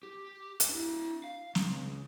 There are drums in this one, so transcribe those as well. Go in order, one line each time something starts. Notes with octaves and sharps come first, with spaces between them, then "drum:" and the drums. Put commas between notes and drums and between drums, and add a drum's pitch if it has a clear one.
G4
drum: hi-hat
D4 E4
F5
C#2, drum: snare